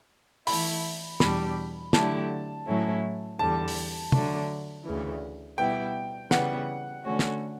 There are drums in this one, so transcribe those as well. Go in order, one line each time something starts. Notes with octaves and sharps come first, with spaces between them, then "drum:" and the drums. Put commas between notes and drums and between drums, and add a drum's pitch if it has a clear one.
E3 A3 E4 B5, drum: open hi-hat
E2 B2 G3 D4 G4 B5, drum: snare
D3 F#3 A3 E4 G4 A5, drum: snare
A2 F#3 A3 C#4 E4
E2 D3 G3 A5
drum: open hi-hat
D3 F#3 A3 D4, drum: tom
D2 C#3 E3
B2 G3 B3 E4 G5
C#3 E3 G3 B3 F#5, drum: snare
D3 A3 C#4 F#4
drum: snare